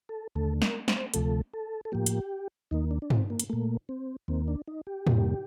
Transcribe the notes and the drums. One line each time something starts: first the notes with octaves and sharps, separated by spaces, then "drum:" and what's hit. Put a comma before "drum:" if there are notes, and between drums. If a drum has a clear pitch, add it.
A4
D#2 D3 A3 A4
A#4, drum: snare
C5, drum: snare
D2 C3 F3 A3 A4, drum: hi-hat
A4
A4
A2 F3 A#3 G4
drum: hi-hat
D#2 D#3 A#3 D#4
D4
D4
C4, drum: tom
A#3
drum: hi-hat
A#2 A3 A#3
C4
D#2 D#3 A#3 C4
D4
D#4
G4
F2 C3 G3 A#3, drum: tom